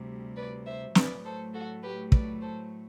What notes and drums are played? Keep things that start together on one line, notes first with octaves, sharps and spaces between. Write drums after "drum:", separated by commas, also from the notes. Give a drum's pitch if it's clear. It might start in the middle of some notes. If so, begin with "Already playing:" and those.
Already playing: D2 C3 G3
B4 D5
C5 E5
A2 F#3 A3 B4 D5, drum: snare
A4 C5
F#4 A4
G4 B4
B4 D5, drum: kick
A4 C5